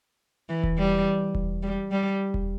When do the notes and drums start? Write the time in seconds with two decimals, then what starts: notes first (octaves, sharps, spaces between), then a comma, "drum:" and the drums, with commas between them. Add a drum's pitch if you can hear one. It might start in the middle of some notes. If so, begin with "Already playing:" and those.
0.49 E3
0.63 drum: kick E1
0.78 G3
1.35 drum: kick E1
1.63 G3
1.91 G3
2.34 drum: kick E1